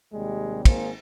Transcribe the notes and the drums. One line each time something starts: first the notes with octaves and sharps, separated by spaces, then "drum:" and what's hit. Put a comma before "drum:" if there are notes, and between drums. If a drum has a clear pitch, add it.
D#2 C3 G3 G#3
G#1 A#3 G#4 C5, drum: kick, cymbal